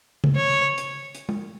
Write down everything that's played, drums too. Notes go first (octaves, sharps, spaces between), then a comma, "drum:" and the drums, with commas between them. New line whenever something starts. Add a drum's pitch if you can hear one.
drum: tom
C#5
drum: hi-hat
drum: hi-hat
drum: tom